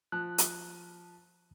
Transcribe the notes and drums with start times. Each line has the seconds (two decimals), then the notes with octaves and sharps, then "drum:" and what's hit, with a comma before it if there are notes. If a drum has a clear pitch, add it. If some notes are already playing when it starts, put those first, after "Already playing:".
0.12 F3 F#6
0.38 drum: hi-hat